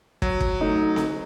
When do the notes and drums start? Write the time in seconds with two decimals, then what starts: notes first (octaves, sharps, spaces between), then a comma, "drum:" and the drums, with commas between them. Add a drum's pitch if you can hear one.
0.22 F#3, drum: kick
0.40 drum: kick
0.61 A3 D#4
0.96 drum: snare C4